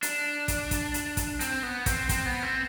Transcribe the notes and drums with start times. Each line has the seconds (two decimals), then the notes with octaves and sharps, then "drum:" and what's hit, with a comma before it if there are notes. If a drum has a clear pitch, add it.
0.03 D4, drum: hi-hat
0.48 drum: kick, hi-hat
0.71 drum: kick, hi-hat
0.94 drum: hi-hat
1.17 drum: kick, hi-hat
1.40 C4, drum: hi-hat
1.63 B3
1.86 C4, drum: kick, hi-hat
2.09 C4, drum: kick, hi-hat
2.26 B3
2.43 C4